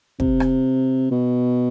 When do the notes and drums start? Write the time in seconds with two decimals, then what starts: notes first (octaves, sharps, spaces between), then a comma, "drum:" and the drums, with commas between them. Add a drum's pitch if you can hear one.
0.20 C3, drum: kick
0.40 drum: rim click
1.11 B2